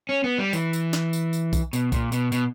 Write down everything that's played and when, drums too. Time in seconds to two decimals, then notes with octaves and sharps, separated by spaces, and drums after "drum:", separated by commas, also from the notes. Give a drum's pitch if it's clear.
0.09 C#4
0.24 B3
0.38 G3
0.53 E3, drum: tambourine
0.73 drum: tambourine
0.93 drum: snare
1.13 drum: tambourine
1.33 drum: tambourine
1.53 drum: kick B1, tambourine
1.73 B2, drum: tambourine
1.92 A#2, drum: kick B1, tambourine
2.12 B2, drum: tambourine
2.32 B2, drum: tambourine